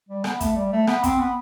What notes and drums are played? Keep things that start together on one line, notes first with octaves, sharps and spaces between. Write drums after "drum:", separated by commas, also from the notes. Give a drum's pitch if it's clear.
G3
B3, drum: rim click
A3, drum: kick, hi-hat
G3
A3
B3, drum: rim click
C4, drum: kick, hi-hat
B3